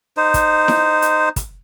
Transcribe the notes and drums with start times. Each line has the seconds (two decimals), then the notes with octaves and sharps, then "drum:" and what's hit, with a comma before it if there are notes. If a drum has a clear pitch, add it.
0.17 D#4 C5
0.34 drum: kick, hi-hat
0.68 drum: snare E4
1.02 drum: hi-hat
1.36 drum: kick, hi-hat